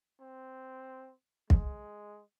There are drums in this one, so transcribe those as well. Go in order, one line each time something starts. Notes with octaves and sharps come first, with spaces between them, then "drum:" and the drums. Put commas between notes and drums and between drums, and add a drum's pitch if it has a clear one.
C4
G#3, drum: kick